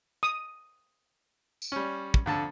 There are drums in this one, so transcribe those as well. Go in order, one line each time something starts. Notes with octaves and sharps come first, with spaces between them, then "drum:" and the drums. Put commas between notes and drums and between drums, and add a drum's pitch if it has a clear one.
D#6
drum: tambourine
G3 C#4
drum: kick
F2 D3 A5